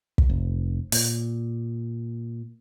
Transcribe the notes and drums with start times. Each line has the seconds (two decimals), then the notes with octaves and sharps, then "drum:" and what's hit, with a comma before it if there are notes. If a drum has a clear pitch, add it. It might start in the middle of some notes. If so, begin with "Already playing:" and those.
0.18 drum: kick
0.29 F1
0.92 A#2, drum: open hi-hat